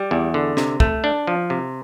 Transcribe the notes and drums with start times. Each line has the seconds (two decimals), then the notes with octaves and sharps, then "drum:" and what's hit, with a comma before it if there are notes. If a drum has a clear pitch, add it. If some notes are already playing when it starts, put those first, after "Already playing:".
Already playing: G3
0.11 E2
0.34 D3
0.57 C3, drum: snare
0.80 A3, drum: kick
1.04 D4
1.27 F3
1.50 C3